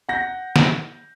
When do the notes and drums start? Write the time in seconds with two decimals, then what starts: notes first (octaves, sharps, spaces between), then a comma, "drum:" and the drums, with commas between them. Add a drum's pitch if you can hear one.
0.09 F#5 G6 A#6
0.56 drum: snare